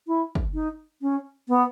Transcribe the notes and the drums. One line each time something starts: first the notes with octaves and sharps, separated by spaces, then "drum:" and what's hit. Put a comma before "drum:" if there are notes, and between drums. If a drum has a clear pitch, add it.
E4
drum: kick
D#4
C#4
B3